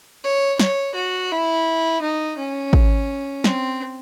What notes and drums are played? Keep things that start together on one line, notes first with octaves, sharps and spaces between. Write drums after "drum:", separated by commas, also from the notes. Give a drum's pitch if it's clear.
C#5
C#5, drum: snare
F#4
E4
D#4
C#4
drum: kick
C4, drum: snare